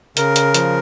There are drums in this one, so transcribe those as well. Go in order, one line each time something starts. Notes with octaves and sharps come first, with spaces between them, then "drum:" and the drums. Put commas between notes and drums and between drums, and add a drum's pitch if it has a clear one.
C#3 A#4, drum: hi-hat
drum: hi-hat
F3, drum: hi-hat